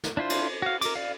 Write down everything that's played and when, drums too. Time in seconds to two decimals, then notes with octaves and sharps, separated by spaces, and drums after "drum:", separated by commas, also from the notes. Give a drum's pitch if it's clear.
0.04 drum: snare
0.17 D4 E4 F4 C5
0.30 drum: cymbal
0.62 F#4 F5
0.81 A#4 D6, drum: cymbal
0.95 D5 F5